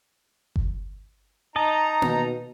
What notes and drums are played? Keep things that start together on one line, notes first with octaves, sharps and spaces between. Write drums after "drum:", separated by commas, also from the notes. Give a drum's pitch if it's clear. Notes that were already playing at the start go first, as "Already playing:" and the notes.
drum: kick G1
D#4 D#5 A5 A#5
B2, drum: tom A#3